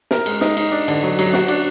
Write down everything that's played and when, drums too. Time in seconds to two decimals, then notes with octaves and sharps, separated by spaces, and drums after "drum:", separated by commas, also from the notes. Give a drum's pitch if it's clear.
0.11 A#4, drum: snare
0.26 G#3, drum: cymbal
0.41 D#4, drum: snare
0.57 D#4, drum: cymbal
0.72 D4
0.88 D3, drum: cymbal
1.03 F#3
1.19 F#3, drum: cymbal
1.34 F#4, drum: snare
1.48 D4, drum: cymbal